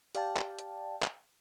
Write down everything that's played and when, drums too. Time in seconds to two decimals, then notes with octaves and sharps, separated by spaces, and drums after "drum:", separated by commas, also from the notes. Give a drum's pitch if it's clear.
0.15 G4 D5 F5 G5 A5, drum: hi-hat
0.37 drum: clap
0.59 drum: hi-hat
1.02 drum: clap